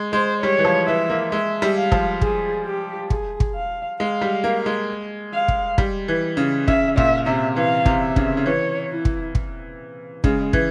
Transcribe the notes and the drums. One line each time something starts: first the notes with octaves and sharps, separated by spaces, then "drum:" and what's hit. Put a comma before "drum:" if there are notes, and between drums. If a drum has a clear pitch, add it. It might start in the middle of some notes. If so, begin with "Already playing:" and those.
Already playing: G#3
G#3 C5
G3 C#5
E3
F3
E3 E5
A#3
G#3 E5
G3
F5
F3, drum: kick
G#4, drum: kick
G4
G#4, drum: kick
drum: kick
F5
G#3 F5
G3
A#3
G#3
F5
drum: kick
G3, drum: kick
E3
C#3
C#3 E5, drum: kick
A#2 E5, drum: kick
C3 E5
E3 F5
C3, drum: kick
E5
C#3, drum: kick
C#3
E3 C#5
E4
drum: kick
drum: kick
C#3 G#3, drum: kick
E3, drum: kick